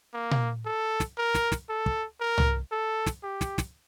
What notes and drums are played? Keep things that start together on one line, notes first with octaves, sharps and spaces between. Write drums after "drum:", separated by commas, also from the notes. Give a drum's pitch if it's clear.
A#3
drum: tom A#2
A4
drum: snare
A#4
drum: snare
drum: snare
A4
drum: kick
A#4
drum: tom C2
A4
drum: snare
G4
drum: snare
drum: snare